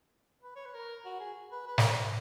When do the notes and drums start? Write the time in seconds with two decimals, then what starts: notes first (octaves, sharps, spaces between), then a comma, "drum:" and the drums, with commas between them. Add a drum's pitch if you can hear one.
0.43 B4
0.56 C#5
0.65 B4
0.75 A#4
1.05 F#4
1.20 G#4
1.52 B4
1.67 B4
1.78 A#4, drum: snare
1.87 B4